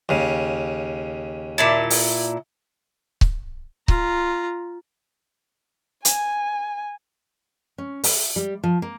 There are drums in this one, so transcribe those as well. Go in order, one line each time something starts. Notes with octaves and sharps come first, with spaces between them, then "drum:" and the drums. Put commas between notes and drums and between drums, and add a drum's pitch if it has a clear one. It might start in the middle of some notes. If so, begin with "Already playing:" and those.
D#2 C#3
A#2 E4 A5
drum: open hi-hat
drum: kick C#1
F4 A#5, drum: kick C#1
G#5, drum: hi-hat
C#4
E5, drum: open hi-hat
G3
F3
A#3